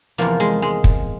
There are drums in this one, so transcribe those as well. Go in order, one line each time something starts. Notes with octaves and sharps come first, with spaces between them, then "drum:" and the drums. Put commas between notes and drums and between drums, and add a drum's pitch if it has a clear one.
E2 C3 F3 A#3
G#3
G#3
drum: kick